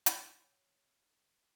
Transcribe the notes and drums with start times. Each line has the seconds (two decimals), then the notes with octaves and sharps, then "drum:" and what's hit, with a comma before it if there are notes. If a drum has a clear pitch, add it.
0.06 C#5, drum: hi-hat